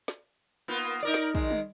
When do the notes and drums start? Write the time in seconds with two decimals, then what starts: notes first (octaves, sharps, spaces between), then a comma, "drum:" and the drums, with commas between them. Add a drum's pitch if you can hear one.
0.08 drum: snare
0.68 A#3 B3 F4
1.03 D#4 A#4 D5
1.14 drum: snare
1.35 D#3 G#3, drum: kick
1.50 drum: tom